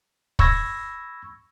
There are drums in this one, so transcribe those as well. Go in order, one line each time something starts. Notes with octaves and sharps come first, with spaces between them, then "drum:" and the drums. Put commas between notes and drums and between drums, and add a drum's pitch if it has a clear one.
B5 C#6 E6 G#6 A#6, drum: kick